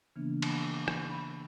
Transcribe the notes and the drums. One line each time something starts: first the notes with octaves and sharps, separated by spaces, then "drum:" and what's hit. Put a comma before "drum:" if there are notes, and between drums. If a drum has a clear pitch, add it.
C#3 E3 F3 A#3 B3 D4
drum: cymbal
drum: rim click
B5